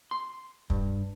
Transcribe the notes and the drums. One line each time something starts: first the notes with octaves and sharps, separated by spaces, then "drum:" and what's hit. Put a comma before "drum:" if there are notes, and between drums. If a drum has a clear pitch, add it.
C6
G2, drum: kick